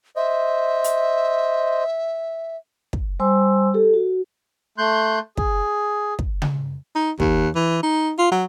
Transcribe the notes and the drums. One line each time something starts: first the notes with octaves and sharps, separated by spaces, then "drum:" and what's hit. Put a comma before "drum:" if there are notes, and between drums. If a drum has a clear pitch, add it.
C5 D#5 E5
drum: hi-hat
drum: kick
G3 C5 G#5 C6 E6
G4 A4
F#4
A3 C6 F#6 G6
G#4, drum: kick
drum: kick
drum: tom C#3
D#4
D#2, drum: kick
E3
D#4
F4
F#3